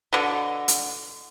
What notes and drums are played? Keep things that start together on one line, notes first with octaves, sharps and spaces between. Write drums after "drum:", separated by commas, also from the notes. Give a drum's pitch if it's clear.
B2 D3
drum: hi-hat